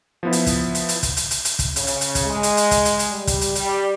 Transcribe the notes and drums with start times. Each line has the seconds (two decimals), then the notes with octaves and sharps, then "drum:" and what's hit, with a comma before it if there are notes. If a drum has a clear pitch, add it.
0.23 F3 B3 E4
0.33 drum: hi-hat
0.47 drum: kick, hi-hat
0.75 drum: hi-hat
0.89 drum: hi-hat
1.03 drum: kick, hi-hat
1.17 drum: hi-hat
1.31 drum: hi-hat
1.45 drum: hi-hat
1.59 drum: kick, hi-hat
1.76 C#3, drum: hi-hat
1.87 drum: hi-hat
2.01 drum: hi-hat
2.15 drum: kick, hi-hat
2.26 G#3
2.43 drum: hi-hat
2.57 drum: hi-hat
2.71 drum: kick, hi-hat
2.85 drum: hi-hat
2.99 drum: hi-hat
3.09 G3
3.27 drum: kick, hi-hat
3.41 drum: hi-hat
3.55 G3, drum: hi-hat